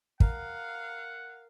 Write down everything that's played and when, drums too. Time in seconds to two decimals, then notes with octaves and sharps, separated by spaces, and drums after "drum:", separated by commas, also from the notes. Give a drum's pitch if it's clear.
0.20 A#4 F5 F#5 A#5, drum: kick